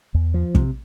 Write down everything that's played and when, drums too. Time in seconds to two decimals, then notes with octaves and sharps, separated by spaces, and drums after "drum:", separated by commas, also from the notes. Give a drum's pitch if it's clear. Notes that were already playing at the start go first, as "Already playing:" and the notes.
0.14 E2
0.34 F3
0.55 C3, drum: kick